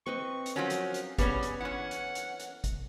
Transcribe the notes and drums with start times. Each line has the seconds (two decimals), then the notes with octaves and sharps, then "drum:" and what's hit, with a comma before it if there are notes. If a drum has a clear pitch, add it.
0.06 C4 B4 D#5 C#6
0.46 drum: hi-hat
0.56 F3 F#3 C#4 A#4
0.70 drum: hi-hat
0.94 drum: hi-hat
1.18 G3 B3 C#4 G#4, drum: kick G#1, hi-hat
1.43 drum: hi-hat
1.61 E3 C#4 F#5
1.91 drum: hi-hat
2.15 drum: hi-hat
2.40 drum: hi-hat
2.64 drum: kick G#1, hi-hat